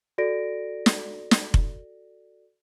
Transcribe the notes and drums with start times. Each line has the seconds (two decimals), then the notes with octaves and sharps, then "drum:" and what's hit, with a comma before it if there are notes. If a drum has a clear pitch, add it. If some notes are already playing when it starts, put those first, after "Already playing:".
0.18 F#4 A4 D5 A#6 D7
0.86 drum: snare
1.31 drum: snare
1.54 drum: kick F1